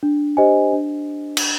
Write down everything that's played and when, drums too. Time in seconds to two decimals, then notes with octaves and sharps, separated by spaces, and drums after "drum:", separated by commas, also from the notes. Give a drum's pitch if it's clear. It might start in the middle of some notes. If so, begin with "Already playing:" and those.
0.03 D4
0.37 G4 C5 D#5 G#5
0.73 D4
1.37 drum: cymbal